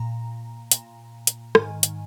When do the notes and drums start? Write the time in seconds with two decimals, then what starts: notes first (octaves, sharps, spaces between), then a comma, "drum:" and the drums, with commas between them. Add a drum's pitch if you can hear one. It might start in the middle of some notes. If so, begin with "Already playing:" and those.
Already playing: A#2 A#5
0.71 A#2, drum: hi-hat
1.27 drum: hi-hat
1.55 G#2 D#3 G#5, drum: rim click
1.83 drum: hi-hat